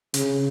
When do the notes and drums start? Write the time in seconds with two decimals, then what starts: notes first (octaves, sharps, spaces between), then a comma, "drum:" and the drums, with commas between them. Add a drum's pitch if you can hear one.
0.14 C#3, drum: hi-hat